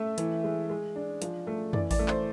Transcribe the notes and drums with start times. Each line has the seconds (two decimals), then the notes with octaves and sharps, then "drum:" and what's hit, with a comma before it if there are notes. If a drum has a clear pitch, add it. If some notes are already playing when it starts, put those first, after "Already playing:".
Already playing: A3 E5
0.18 E3, drum: hi-hat
0.44 G#3
0.70 G#3
0.96 D4
1.22 F3, drum: hi-hat
1.47 A3
1.73 E3 D5, drum: tom
1.91 D5, drum: kick A1, open hi-hat
1.99 A3
2.08 C5, drum: clap